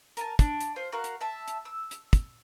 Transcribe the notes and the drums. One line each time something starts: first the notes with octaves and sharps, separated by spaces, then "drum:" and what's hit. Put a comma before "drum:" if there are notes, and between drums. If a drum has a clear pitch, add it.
A#4 G#5 A5, drum: hi-hat
D4, drum: kick, hi-hat
drum: hi-hat
F4 C5 G6
F#4 A#4 F5 F#5
drum: hi-hat
E5 A5
drum: hi-hat
E6
drum: hi-hat
drum: kick, hi-hat